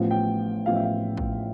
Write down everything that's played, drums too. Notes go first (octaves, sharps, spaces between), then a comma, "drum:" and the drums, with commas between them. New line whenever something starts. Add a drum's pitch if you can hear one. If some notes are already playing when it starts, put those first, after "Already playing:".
Already playing: A1 A2 F3 B3 F4
G5
A1 A2 F3 B3 F4 F5
E5
F5
drum: kick